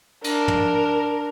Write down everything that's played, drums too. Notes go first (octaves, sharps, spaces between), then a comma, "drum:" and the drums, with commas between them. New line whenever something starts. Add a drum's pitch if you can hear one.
D4 A#4, drum: cymbal
drum: tom